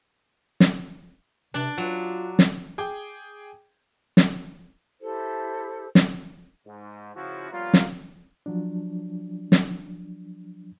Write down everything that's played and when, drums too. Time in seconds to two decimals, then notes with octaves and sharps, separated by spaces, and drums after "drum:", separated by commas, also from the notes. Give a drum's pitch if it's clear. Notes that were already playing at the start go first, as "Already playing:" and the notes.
0.60 drum: snare
1.54 C3 D4 D5
1.78 F#3 F4
2.39 drum: snare
2.78 G#4 G5 D6
4.17 drum: snare
5.00 E4 G4 A4 C5
5.95 drum: snare
6.66 G#2
7.15 C#3 F3 E4 F#4
7.51 F3 G3 A#3 B3 C#4 F4
7.74 drum: snare
8.46 F3 F#3 D4
9.52 drum: snare